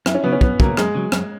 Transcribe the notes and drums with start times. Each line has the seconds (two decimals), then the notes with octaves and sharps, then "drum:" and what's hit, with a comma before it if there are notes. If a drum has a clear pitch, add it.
0.06 F#2 E4, drum: rim click
0.15 C#4
0.24 C#3 F#3 B3
0.32 C#4
0.41 F#2 B3, drum: kick
0.60 C#3 F#3 A#3, drum: kick
0.77 F#2 G#3, drum: rim click
0.95 C#3 F#3
1.12 F#2, drum: rim click